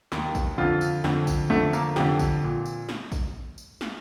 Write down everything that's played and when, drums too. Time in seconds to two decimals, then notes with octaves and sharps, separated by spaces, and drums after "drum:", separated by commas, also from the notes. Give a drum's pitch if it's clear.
0.12 D#2 D#3, drum: snare
0.35 drum: kick A#1, tambourine
0.58 F2 D3 F4
0.81 drum: tambourine
1.04 F2 D3, drum: snare
1.27 drum: kick A#1, tambourine
1.50 F2 D3 A3
1.73 A#3, drum: tambourine
1.96 F2 D3 G4, drum: snare
2.19 drum: kick A#1, tambourine
2.44 A#2
2.66 drum: tambourine
2.89 drum: snare
3.12 drum: kick A#1, tambourine
3.58 drum: tambourine
3.81 drum: snare